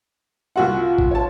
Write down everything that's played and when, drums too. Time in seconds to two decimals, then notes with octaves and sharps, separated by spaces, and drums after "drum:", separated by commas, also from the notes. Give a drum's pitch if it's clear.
0.56 C2 F4 F#4 F#5
0.98 drum: kick G#1
1.11 C#5 A5